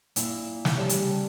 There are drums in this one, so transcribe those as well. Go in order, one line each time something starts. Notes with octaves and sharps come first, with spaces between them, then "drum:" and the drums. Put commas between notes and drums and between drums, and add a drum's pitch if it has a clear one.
A#2 E4, drum: hi-hat
drum: snare
C#3 G3 D5 A5
drum: hi-hat